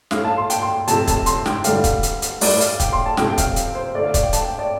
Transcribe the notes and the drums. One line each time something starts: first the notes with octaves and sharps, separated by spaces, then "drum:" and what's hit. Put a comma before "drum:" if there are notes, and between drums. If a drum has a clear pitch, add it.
A2 A3 F5, drum: snare
A5
C6
G5, drum: hi-hat
C6
C3 F3 A3 A5, drum: hi-hat
A5, drum: kick, hi-hat
C6, drum: hi-hat
G5, drum: snare
D3 G3 F5, drum: hi-hat
drum: kick, hi-hat
drum: hi-hat
drum: hi-hat
A2 G3 D5, drum: open hi-hat
F5, drum: hi-hat
G5, drum: kick, hi-hat
C6
A5
C3 F3 A3 G5, drum: snare
G5
F5, drum: kick, hi-hat
drum: hi-hat
C5
D3 A3 D5
F5
D5, drum: kick, hi-hat
G5
A5, drum: hi-hat
G5
D5